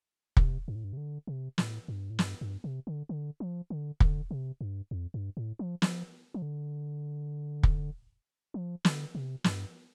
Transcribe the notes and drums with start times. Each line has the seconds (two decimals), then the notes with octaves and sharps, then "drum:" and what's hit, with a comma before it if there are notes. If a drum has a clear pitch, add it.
0.37 C3, drum: kick
0.68 G2
0.75 A2
0.84 G2
0.93 C3
0.97 D3
1.27 C3
1.58 A2, drum: snare
1.88 G2
2.10 A2
2.19 G2, drum: snare
2.41 G2
2.64 C3
2.87 D3
3.09 D3
3.40 F3
3.70 D3
4.00 D3, drum: kick
4.31 C3
4.61 G2
4.91 F2
5.14 G2
5.37 A2
5.59 F3
5.82 F3, drum: snare
6.34 F3
6.42 D3
7.63 drum: kick
8.54 F3
8.85 D3, drum: snare
9.15 C3
9.44 G2, drum: snare